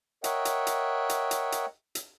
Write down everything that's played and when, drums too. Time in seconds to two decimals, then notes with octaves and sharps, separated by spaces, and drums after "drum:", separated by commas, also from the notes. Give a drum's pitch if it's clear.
0.24 A#4 C#5 D#5 E5 F#5 G5, drum: hi-hat
0.45 drum: hi-hat
0.67 drum: hi-hat
1.09 drum: hi-hat
1.31 drum: hi-hat
1.52 drum: hi-hat
1.95 drum: hi-hat